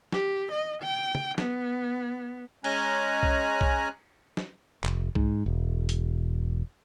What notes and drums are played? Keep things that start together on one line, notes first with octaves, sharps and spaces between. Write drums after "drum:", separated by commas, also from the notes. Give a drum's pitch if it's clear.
G4, drum: snare
D#5
G5
drum: tom
B3, drum: snare
G#3 C#4 G#5 A#5 F#6, drum: cymbal
drum: kick B1
drum: kick B1
drum: snare
F1, drum: clap
G#2, drum: kick B1
E1
drum: hi-hat